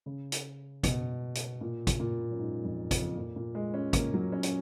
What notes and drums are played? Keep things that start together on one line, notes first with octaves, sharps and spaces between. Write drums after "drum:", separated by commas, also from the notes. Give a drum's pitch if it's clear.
C#3
drum: hi-hat
B2, drum: kick, hi-hat
drum: hi-hat
A#2
drum: kick, hi-hat
A#2
F#2
G#2
F2
F2, drum: kick, hi-hat
A#2
A#2
G#3
C#4
A#3, drum: kick, hi-hat
F#3
C#4
C#4, drum: hi-hat